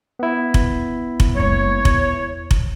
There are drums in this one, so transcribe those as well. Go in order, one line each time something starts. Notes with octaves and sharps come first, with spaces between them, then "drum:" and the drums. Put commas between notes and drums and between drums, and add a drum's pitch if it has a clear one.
B3 E4
drum: kick F1
drum: kick F1
F#1 G#3 C#5
E2, drum: kick F1
drum: kick F1